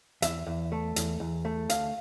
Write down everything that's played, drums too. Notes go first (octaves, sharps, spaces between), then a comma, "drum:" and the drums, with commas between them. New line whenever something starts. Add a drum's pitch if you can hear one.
E2 E5, drum: hi-hat
E2
A3
E2, drum: hi-hat
E2
A3
D2 F5, drum: hi-hat